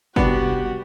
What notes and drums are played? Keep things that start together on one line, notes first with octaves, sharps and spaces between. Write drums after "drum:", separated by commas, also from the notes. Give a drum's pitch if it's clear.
C2 B3 D4 F#4 G4, drum: kick F#1